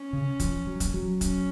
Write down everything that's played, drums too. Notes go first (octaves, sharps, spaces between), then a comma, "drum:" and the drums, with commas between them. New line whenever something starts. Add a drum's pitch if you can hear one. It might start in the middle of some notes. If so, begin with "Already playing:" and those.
Already playing: C#4
C#3
F3, drum: kick, hi-hat
F#3
drum: kick, hi-hat
F#3
C#4, drum: kick, hi-hat